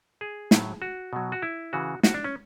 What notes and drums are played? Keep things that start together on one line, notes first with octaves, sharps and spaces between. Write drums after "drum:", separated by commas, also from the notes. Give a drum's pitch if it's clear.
G#4
A2 F#3, drum: snare
F#4
B2 F#3
F#4
E4
C#3 E3 F#4
F#4, drum: snare
D4
C#4